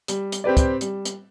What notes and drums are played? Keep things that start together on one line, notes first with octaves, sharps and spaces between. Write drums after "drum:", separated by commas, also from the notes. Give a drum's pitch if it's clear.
G3, drum: hi-hat
drum: hi-hat
C4 G4 B4 D5
drum: kick, hi-hat
G3, drum: hi-hat
drum: hi-hat